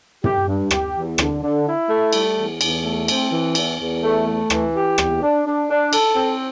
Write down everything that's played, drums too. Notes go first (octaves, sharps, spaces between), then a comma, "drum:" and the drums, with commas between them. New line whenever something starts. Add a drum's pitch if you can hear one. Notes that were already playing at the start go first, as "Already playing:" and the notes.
G4, drum: tom
G2
G4, drum: rim click
E2
D3, drum: rim click
D3
E4
A3
G3, drum: cymbal
E2
E2, drum: cymbal
A3
C4, drum: cymbal
E3
E2, drum: cymbal
E2
A3
A3
E3, drum: rim click
G4
E2, drum: rim click
D4
D4
D4
A4, drum: cymbal
C4